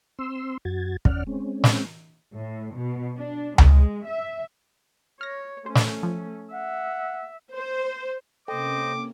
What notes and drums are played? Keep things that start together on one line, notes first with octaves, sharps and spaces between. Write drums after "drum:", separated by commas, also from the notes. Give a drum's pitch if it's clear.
C4 C6 E6
F#2 F#4 G#6 A6
E2 C#4 D5 F#5 F6, drum: kick
G#3 C4 C#4
drum: snare
A2
B2
D4
G#3, drum: tom C#2
E5
C#5 F6 A#6
A3 C#4 C5
drum: snare
F3
E5 F#5
C5
C3 A#3 C#4 A4 C5 D#5 G5 D6